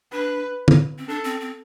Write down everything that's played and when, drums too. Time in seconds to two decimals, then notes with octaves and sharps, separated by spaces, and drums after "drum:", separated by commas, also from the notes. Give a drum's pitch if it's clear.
0.12 D4 B4
0.68 drum: tom
0.99 C4
1.08 D4 A4
1.24 C4
1.41 C4